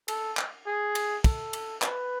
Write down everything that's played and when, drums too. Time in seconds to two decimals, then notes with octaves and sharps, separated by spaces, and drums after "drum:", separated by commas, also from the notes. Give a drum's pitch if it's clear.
0.08 A4, drum: cymbal
0.37 drum: clap
0.67 G#4
0.95 drum: cymbal
1.24 A4, drum: kick, cymbal
1.53 drum: cymbal
1.82 B4, drum: clap